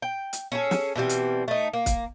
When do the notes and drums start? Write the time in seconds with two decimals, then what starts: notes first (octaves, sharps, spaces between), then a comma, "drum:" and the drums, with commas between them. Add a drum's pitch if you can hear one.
0.02 G5
0.33 drum: hi-hat
0.52 C#4 G#4 A4
0.71 drum: snare
0.96 B2 E3 G3 C4
1.09 drum: hi-hat
1.48 A3 D#4
1.73 A#3
1.86 drum: kick, hi-hat